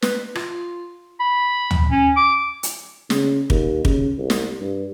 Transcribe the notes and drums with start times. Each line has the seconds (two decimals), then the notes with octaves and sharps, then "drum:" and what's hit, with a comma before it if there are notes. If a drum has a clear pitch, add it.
0.02 B4, drum: snare
0.35 F4, drum: rim click
1.20 B5
1.71 drum: tom
1.91 C#4
2.17 D6
2.63 drum: hi-hat
3.10 C#3, drum: snare
3.50 D#2, drum: kick
3.85 C#3, drum: kick
4.19 C2
4.30 drum: snare
4.61 G2